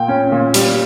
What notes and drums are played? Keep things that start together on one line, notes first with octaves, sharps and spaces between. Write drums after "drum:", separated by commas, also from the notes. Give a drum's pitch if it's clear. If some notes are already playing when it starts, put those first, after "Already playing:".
Already playing: A#2 G5
C#4
A#2
G3, drum: hi-hat